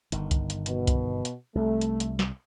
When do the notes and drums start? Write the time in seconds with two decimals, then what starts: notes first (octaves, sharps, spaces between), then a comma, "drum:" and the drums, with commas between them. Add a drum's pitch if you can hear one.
0.12 G1 D#3, drum: hi-hat
0.31 drum: kick C2, hi-hat
0.50 drum: hi-hat
0.66 B2, drum: hi-hat
0.87 drum: kick C2, hi-hat
1.25 drum: hi-hat
1.55 C2 A3
1.81 drum: hi-hat
2.00 drum: hi-hat
2.19 drum: snare